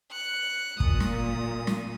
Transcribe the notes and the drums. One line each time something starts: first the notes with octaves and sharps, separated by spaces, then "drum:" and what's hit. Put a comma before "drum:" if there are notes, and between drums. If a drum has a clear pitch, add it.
F#6 C#7
A#2 D#6, drum: kick
drum: snare
drum: snare